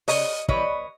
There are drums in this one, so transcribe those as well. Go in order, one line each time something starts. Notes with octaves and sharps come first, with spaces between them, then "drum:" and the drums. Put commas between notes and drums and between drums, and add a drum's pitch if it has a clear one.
C#3 C#5 D#5, drum: open hi-hat
E3 G3 C#5 D#5, drum: kick